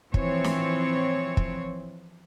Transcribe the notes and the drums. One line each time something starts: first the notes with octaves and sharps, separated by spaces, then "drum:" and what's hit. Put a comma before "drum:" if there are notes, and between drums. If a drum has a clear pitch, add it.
E3 F3 C4 C#5, drum: kick
drum: snare
drum: kick